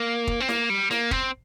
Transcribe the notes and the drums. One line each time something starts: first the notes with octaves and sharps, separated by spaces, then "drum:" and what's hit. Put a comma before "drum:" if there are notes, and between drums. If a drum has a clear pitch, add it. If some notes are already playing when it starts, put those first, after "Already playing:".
Already playing: A#3
drum: kick
C4
A#3, drum: snare
G3
A#3, drum: snare
C4, drum: kick